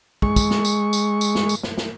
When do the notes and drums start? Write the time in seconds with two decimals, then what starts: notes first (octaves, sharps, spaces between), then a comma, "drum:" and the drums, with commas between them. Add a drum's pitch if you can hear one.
0.22 G#3 C#6, drum: kick
0.36 drum: kick, tambourine
0.51 drum: snare
0.65 drum: tambourine
0.93 drum: tambourine
1.21 drum: tambourine
1.35 drum: snare
1.49 drum: tambourine
1.63 drum: snare
1.78 drum: snare